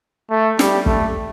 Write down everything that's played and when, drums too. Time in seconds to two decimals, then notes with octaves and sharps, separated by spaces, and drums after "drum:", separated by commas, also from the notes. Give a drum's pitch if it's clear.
0.31 A3
0.59 G3, drum: snare
0.86 A3, drum: kick